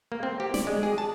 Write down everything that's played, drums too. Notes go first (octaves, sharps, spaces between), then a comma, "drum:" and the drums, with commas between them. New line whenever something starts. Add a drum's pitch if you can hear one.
A#3
C4
G4
D5, drum: snare
G#3
G#4
A5